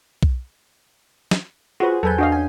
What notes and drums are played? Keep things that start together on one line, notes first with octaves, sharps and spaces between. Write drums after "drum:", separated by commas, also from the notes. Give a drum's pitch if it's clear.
drum: kick B1
drum: snare
F4 F#4 G#4 B4 C5
E2 F#3 A4 B4 G#5 G6
D4 F#4 D#5 F5
C#4 G#5